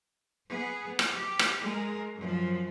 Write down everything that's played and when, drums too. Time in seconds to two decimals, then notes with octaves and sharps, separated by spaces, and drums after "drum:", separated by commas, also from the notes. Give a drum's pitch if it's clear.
0.46 B3 G#4
0.99 drum: rim click
1.12 G4
1.39 drum: rim click
1.60 G#3 A#4
2.15 F#2 F3